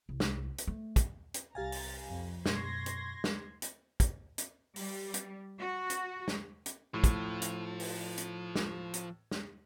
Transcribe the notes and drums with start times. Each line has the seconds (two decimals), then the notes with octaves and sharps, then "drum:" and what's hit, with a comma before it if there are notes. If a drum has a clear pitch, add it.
0.09 C2
0.20 drum: snare
0.58 drum: hi-hat
0.67 A3
0.96 drum: kick, hi-hat
1.34 drum: hi-hat
1.55 C2 G4 F5 G#5 A#5 A6
1.72 drum: open hi-hat
2.06 F2
2.46 F#2 B2 C6 C#6 G#6 A#6, drum: snare
2.86 drum: hi-hat
3.24 drum: snare
3.62 drum: hi-hat
4.00 drum: kick, hi-hat
4.38 drum: hi-hat
4.76 G3, drum: open hi-hat
5.14 drum: hi-hat
5.59 F#4
5.90 drum: hi-hat
6.28 drum: snare
6.66 drum: hi-hat
6.94 A2 F3
7.04 drum: kick, hi-hat
7.42 drum: hi-hat
7.80 drum: open hi-hat
8.18 drum: hi-hat
8.56 drum: snare
8.93 drum: hi-hat
9.31 drum: snare